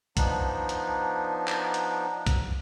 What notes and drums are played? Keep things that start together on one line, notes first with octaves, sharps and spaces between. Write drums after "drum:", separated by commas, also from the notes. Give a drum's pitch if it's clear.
F3 B3 D4 D#4, drum: kick B1, hi-hat
drum: hi-hat
drum: clap
drum: hi-hat
drum: kick B1, hi-hat